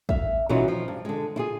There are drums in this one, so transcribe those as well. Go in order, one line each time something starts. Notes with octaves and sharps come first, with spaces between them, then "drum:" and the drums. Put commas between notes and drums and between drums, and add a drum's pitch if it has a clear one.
E5 F5, drum: kick
B2 E3 F#3 C#4 D#4 F4
F3
G2
D3 G#3
E4 F4 G#4